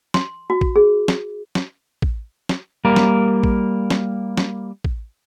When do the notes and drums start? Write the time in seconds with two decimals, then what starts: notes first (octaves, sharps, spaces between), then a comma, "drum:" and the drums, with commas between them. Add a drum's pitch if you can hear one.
0.14 C6, drum: snare
0.50 F#4
0.61 drum: kick
0.76 G#4
1.08 drum: snare
1.55 drum: snare
2.02 drum: kick
2.49 drum: snare
2.85 G3 A#3 A#4
2.96 drum: snare
3.43 drum: kick
3.90 drum: snare
4.37 drum: snare
4.84 drum: kick